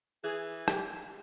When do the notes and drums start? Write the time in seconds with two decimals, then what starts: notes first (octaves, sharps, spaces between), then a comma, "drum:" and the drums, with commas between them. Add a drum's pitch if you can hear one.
0.23 E3 G#4
0.68 G4, drum: rim click